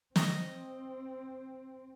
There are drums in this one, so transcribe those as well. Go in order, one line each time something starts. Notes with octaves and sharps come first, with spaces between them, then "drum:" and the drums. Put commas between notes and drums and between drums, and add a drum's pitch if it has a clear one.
C4 D#5, drum: snare